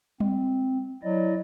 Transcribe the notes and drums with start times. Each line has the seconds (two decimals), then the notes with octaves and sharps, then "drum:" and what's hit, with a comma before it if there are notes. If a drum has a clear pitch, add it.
0.20 C4, drum: tom G3
1.03 F#3 E4 D5 D#5